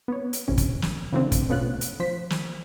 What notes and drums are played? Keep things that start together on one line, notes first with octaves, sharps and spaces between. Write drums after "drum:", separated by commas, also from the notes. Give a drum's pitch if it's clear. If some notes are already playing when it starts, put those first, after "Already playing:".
B3 C#5
drum: hi-hat
A#1 E2 C3 C#4
drum: kick, hi-hat
drum: snare
C#3 E3 F3 A3 C4 D4
drum: kick, hi-hat
B2 A3 B3 C#4 F4 F#6
drum: hi-hat
F3 C5 B6
drum: snare